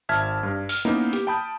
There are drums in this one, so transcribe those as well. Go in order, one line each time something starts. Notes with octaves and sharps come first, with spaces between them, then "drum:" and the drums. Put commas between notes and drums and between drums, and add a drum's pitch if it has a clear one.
G#1 E5 A5 F6 G#6 B6
G2
F6, drum: open hi-hat
A#3 B3 C#4 D#4 E4
G4, drum: hi-hat
G5 A5 B5 D#6 G6